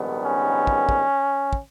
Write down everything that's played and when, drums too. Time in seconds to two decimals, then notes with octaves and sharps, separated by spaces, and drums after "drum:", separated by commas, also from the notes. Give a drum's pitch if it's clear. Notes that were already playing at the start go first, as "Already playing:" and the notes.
Already playing: A#1 G#2 D#3 G3 B3
0.24 C#4
0.67 drum: kick
0.89 drum: kick
1.53 drum: kick